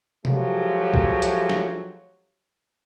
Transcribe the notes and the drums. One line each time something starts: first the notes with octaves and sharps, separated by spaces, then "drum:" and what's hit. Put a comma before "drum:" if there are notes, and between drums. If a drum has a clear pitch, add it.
F3 F#3 G#3 A3 G4, drum: tom C3
drum: kick
drum: hi-hat
drum: snare